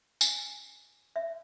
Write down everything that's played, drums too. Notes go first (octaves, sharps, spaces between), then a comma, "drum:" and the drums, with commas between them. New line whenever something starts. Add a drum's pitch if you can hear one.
G#5, drum: tambourine
E5